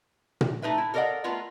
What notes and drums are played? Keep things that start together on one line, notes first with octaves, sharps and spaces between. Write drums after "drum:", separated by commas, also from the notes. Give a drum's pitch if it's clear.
drum: tom A#2
A3 D#4 B4 E5
E4
A4 A#4 D5 D#5 F5 F#5
A3 B3 F4 A#4